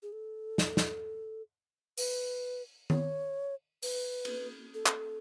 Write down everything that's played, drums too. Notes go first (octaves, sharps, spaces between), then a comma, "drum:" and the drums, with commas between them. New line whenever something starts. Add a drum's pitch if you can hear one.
G#4
A4
drum: snare
drum: snare
B4, drum: open hi-hat
C#5, drum: tom D#3
B4, drum: open hi-hat
drum: cymbal
A4
drum: clap